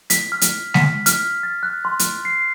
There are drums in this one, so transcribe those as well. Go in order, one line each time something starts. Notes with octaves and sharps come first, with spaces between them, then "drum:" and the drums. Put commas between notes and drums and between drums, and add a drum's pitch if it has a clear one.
B6, drum: hi-hat
F6
drum: hi-hat
B6, drum: snare G#3
F6, drum: hi-hat
A6
F#6
C6
drum: hi-hat
C7